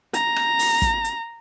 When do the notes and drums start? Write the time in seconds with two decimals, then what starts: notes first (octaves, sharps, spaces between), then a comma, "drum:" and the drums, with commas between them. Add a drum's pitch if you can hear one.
0.14 A#5, drum: hi-hat
0.36 drum: rim click
0.59 drum: open hi-hat
0.82 drum: kick, hi-hat
1.04 drum: hi-hat